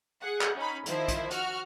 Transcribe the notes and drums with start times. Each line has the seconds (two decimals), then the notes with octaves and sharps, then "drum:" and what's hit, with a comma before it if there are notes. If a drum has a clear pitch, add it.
0.22 G#4 F#5
0.41 drum: clap
0.56 C#4 D#4 B5
0.86 D#3 F3 E4 C5, drum: hi-hat
1.08 drum: kick, hi-hat
1.31 F#4 F6, drum: hi-hat